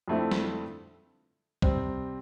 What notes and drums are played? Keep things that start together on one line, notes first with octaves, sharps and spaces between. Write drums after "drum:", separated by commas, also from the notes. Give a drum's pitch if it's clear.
F2 D3 A3 C4 E4
drum: snare G3
C3 G3 C4, drum: kick B1